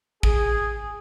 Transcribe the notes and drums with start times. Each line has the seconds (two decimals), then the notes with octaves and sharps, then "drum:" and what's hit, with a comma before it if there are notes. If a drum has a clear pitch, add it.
0.23 G#4, drum: kick A1